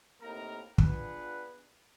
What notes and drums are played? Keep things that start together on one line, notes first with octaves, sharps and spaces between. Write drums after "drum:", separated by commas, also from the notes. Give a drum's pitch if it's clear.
A2 C3 A#3 D#4 A#4 A#5
B3 D4 F4 G#4 B4 F#5, drum: kick